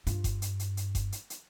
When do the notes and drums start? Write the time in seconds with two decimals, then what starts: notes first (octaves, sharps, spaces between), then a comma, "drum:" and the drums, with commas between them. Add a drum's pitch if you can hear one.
0.07 G2 F4, drum: hi-hat
0.24 drum: kick F#1, hi-hat
0.42 drum: hi-hat
0.59 drum: hi-hat
0.77 drum: hi-hat
0.95 drum: kick F#1, hi-hat
1.12 drum: hi-hat
1.30 drum: hi-hat